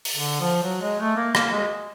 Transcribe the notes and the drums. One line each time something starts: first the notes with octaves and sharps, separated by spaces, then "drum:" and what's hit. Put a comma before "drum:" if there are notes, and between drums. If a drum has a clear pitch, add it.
drum: open hi-hat
D3
F3
F#3
G#3
A3
A#3
A#3, drum: rim click
G#3